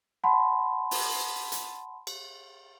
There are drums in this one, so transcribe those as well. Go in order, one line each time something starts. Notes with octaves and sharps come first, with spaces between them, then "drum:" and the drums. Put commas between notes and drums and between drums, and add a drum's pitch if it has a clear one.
F#5 A5 B5 C6
drum: open hi-hat
drum: hi-hat
drum: cymbal